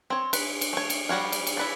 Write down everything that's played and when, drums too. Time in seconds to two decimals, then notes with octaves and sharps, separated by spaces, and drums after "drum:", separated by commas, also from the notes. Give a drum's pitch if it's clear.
0.10 C4 C#5
0.33 B4, drum: cymbal
0.61 drum: cymbal
0.73 A3 C#5
0.90 drum: cymbal
1.09 G3 F#4 C#5 F5
1.32 drum: cymbal
1.47 drum: cymbal
1.57 E4 B4 D5